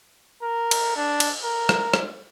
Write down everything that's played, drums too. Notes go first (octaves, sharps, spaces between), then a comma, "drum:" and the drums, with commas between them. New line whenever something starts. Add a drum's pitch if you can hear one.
A#4
drum: cymbal
D4
drum: cymbal
A#4
drum: rim click
drum: rim click